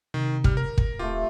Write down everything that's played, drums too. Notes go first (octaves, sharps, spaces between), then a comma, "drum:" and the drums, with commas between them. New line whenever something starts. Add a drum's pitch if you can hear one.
C3 D#3
G3 F6, drum: kick
A#4
drum: kick
D#1 A3 C4 F4 G4